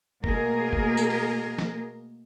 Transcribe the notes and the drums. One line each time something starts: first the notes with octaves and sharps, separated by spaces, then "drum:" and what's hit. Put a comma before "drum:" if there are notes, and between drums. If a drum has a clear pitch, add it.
B2 A3 A#3 G#4 A#4, drum: kick
drum: kick
drum: tambourine
drum: open hi-hat
drum: snare